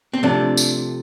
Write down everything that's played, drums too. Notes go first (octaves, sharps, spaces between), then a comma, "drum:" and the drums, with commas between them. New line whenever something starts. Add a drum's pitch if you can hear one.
C4
C3 F3 A3 D4
drum: tambourine